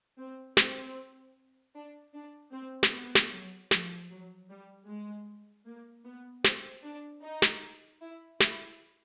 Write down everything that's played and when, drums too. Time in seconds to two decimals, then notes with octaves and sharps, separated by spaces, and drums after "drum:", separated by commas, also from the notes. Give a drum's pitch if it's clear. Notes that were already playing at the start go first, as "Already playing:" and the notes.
0.18 C4
0.57 C4, drum: snare
1.75 D4
2.14 D4
2.53 C4
2.83 drum: snare
2.92 B3
3.15 drum: snare
3.31 F#3
3.71 F3, drum: snare
4.10 F#3
4.49 G3
4.88 G#3
5.66 A#3
6.05 B3
6.44 C4, drum: snare
6.84 D4
7.23 D#4
7.42 drum: snare
8.02 E4
8.40 E4, drum: snare